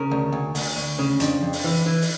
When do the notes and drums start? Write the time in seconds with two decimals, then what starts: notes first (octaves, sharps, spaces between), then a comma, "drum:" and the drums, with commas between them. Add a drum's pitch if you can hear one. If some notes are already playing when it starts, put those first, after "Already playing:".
Already playing: C#3 A#4
0.11 D2
0.32 D2
0.55 D2, drum: open hi-hat
0.77 D2
0.99 C#3
1.20 F2 D4, drum: hi-hat
1.43 F2
1.53 drum: open hi-hat
1.64 E3
1.86 E3
2.02 drum: open hi-hat